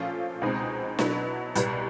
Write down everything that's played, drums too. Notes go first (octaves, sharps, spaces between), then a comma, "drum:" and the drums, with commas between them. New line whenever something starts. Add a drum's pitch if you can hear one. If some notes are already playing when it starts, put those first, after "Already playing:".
Already playing: A#2 F3 A3 C#4 F4
C#2 B2 G#3 C4 D#4
B2 F#3 B3 E4, drum: snare D4
C2 B2 G3 B3, drum: hi-hat